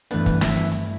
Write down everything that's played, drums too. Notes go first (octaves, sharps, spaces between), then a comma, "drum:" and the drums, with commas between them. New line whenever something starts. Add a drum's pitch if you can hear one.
G2 E3 A3 B3 D4 B4, drum: hi-hat
drum: kick, hi-hat
E4 E5, drum: snare
drum: hi-hat